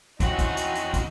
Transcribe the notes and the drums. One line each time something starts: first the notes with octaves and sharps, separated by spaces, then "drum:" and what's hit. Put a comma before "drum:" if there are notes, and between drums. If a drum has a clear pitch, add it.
E3 C4 C#4 D#4 F#4 F#5, drum: kick, hi-hat
drum: kick, hi-hat
drum: hi-hat
drum: hi-hat
drum: kick, hi-hat